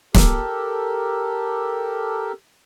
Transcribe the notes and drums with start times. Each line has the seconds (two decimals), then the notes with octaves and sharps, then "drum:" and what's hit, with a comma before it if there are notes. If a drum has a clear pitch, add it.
0.15 G4 A4 A#4, drum: snare